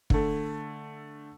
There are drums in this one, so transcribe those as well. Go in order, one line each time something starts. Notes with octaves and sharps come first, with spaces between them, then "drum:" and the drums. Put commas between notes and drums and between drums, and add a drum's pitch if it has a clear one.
D3 A3, drum: kick